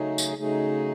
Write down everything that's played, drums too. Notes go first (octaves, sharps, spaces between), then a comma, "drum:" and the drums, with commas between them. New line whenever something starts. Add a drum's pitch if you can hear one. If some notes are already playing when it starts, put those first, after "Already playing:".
Already playing: C#3 F#3 A3 D#4 G#4
drum: tambourine
C#3 F#3 A3 D#4 G#4